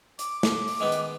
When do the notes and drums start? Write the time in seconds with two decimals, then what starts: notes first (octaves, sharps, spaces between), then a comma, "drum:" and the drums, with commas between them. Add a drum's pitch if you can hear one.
0.19 D6, drum: hi-hat
0.43 drum: snare
0.68 drum: open hi-hat
0.80 D#3 G#3 B3
0.92 drum: hi-hat